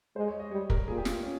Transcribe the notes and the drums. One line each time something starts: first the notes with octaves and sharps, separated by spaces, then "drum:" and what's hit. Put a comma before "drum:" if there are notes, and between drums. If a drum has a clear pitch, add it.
G#3 C5
C#5
D#5
G3 C#5
A#4, drum: kick
A#2 G#4
G4
F4, drum: snare
C#4